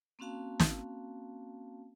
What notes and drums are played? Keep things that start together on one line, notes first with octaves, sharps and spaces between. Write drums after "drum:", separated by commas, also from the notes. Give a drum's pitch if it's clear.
A#3 C4 C#4 F#4 F5 A5
drum: snare